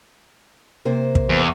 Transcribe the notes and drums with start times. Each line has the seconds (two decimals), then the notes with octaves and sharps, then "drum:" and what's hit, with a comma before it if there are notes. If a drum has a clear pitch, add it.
0.85 C3 A#3 C5
1.15 drum: kick
1.29 E2